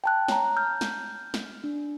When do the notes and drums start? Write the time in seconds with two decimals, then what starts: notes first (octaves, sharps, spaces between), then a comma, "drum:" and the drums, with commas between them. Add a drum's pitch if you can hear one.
0.04 G5 A5 F#6
0.28 C#5 A#5, drum: snare
0.57 F6 G6
0.81 drum: snare
1.34 drum: snare
1.64 D4